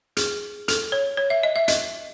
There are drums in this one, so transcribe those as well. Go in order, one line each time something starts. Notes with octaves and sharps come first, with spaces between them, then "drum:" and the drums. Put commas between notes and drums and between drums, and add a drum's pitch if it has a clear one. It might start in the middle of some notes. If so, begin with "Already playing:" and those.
G#4, drum: hi-hat
A4, drum: hi-hat
C#5
C#5
E5
D#5
E5
D#5, drum: hi-hat